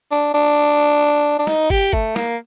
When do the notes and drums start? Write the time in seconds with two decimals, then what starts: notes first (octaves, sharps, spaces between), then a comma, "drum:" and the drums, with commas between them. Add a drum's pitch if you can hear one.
0.11 D4
0.34 D4
1.39 D4
1.47 D#4, drum: snare
1.70 G4, drum: kick
1.93 A3, drum: kick
2.16 A#3, drum: snare